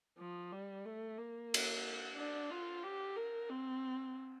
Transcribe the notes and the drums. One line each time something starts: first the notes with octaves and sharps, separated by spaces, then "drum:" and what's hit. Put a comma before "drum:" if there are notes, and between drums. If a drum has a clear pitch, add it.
F3
G3
A3
A#3
drum: cymbal
D4
F4
G4
A#4
C4